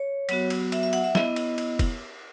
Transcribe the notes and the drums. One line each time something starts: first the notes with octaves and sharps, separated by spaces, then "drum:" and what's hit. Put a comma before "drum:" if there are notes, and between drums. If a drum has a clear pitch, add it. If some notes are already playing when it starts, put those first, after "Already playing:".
Already playing: C#5
F#3 B3 F#4, drum: cymbal
drum: cymbal
E5, drum: cymbal
E5
F#5, drum: cymbal
E5
B3 E4 D#5, drum: snare
drum: cymbal
drum: cymbal
drum: kick F1, cymbal